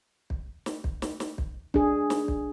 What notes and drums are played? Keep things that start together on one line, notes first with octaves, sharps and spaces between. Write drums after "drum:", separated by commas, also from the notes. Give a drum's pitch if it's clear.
drum: kick
drum: snare
drum: kick
drum: snare
drum: snare
drum: kick
D4 G#4, drum: kick
drum: snare
drum: kick